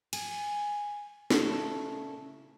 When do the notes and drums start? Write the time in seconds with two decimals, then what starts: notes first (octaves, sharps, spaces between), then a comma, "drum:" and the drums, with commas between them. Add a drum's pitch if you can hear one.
0.13 G#5, drum: cymbal
1.30 A#2 C#3 A3 E4 A4, drum: snare